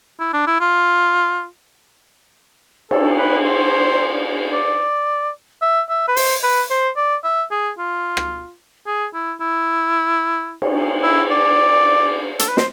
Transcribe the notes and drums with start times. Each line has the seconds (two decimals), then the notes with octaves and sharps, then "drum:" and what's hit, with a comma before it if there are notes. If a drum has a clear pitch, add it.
0.20 E4
0.33 D4
0.47 E4
0.61 F4
2.91 A4, drum: cymbal
3.18 B4
3.45 C5
4.53 D5
5.62 E5
5.89 E5
6.08 B4
6.17 C5, drum: open hi-hat
6.43 B4
6.70 C5
6.97 D5
7.24 E5
7.51 G#4
7.79 F4
8.17 drum: rim click
8.87 G#4
9.14 E4
9.41 E4
10.62 drum: cymbal
11.03 E4
11.31 D5
12.39 A4, drum: hi-hat
12.48 B4
12.57 C5, drum: snare